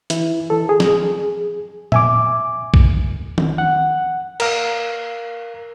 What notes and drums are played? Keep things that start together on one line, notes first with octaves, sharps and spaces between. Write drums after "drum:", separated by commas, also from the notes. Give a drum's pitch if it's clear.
E3 E4, drum: hi-hat
E3 A4
G#4
drum: snare
E5 G#5 D6, drum: tom A#2
drum: kick
drum: tom D#3
F#5
A#4 F5, drum: cymbal